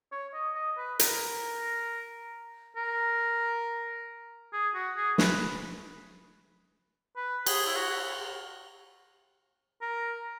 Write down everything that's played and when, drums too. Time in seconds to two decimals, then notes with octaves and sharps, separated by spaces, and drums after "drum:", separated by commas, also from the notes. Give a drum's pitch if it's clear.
0.12 C#5
0.34 D#5
0.55 D#5
0.77 B4
0.99 A#4, drum: hi-hat
2.76 A#4
4.53 G#4
4.74 F#4
4.97 G#4
5.18 B4, drum: snare
7.16 B4
7.47 G#4, drum: cymbal
7.66 E4
7.76 F#4
9.81 A#4